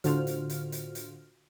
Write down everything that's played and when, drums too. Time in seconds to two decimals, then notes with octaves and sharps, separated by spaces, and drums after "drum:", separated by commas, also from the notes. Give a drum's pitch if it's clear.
0.04 A2 D3 F4 F#4 C5 F6, drum: hi-hat
0.27 drum: hi-hat
0.50 drum: hi-hat
0.72 drum: hi-hat
0.95 drum: hi-hat